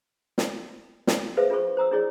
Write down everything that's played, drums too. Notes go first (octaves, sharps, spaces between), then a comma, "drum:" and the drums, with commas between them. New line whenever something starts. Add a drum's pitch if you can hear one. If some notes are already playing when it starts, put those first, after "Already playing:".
drum: snare
drum: snare
G#4 A4 B4 C5 E5 F5
D4 F4 G#4 A4 C5 C#6
C5 A#5 D#6 E6
D4 E4 G#4 C#5 D5